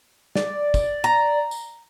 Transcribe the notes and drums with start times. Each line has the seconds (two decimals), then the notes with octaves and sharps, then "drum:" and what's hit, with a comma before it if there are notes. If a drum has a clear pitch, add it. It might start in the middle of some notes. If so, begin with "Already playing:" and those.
0.35 D5, drum: snare
0.74 drum: kick, tambourine
1.04 A#5
1.51 drum: tambourine